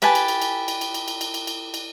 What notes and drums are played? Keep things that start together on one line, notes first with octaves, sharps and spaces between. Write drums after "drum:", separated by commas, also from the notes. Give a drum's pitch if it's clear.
G4 B4 G#5 A5, drum: cymbal
drum: cymbal
drum: cymbal
drum: cymbal
drum: cymbal
drum: cymbal
drum: cymbal
drum: cymbal
drum: cymbal
drum: cymbal
drum: cymbal
drum: cymbal